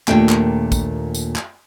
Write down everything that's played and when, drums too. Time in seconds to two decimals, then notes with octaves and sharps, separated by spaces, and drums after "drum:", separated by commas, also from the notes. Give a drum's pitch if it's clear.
0.08 D#2 A#2 A3 D4 G5, drum: clap
0.29 drum: clap
0.72 drum: kick, tambourine
1.14 drum: tambourine
1.36 drum: clap